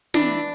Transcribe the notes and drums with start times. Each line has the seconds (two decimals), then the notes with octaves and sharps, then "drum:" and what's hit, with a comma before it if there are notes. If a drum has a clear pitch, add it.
0.14 E3 D4, drum: snare